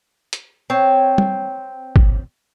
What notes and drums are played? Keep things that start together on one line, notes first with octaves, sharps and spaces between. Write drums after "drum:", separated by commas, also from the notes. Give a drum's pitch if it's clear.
drum: hi-hat
C4 C#5
drum: tom
drum: kick G#1